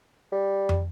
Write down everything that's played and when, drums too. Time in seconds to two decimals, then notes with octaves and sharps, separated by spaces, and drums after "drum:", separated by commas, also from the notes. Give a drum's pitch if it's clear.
0.32 G3
0.69 drum: tom